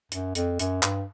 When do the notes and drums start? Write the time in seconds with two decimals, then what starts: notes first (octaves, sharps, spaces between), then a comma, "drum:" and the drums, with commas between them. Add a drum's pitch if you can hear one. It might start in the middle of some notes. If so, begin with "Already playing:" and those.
0.12 F#2, drum: hi-hat
0.35 F2, drum: hi-hat
0.60 F#2, drum: hi-hat
0.83 G2, drum: clap